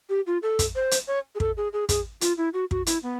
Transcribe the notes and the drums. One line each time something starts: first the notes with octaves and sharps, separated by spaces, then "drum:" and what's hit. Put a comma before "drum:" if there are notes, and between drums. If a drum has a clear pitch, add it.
G4
F4
A4
drum: kick, hi-hat
C5
drum: hi-hat
C#5
G#4
A4, drum: kick
G#4
G#4
G#4, drum: kick, hi-hat
F4, drum: hi-hat
E4
F#4
F#4, drum: kick
E4, drum: hi-hat
B3